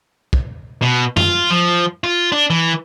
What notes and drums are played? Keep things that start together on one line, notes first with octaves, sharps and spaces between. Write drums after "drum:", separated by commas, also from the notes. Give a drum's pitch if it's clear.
drum: kick
B2
F4, drum: tom F#2
F3
F4
D4
E3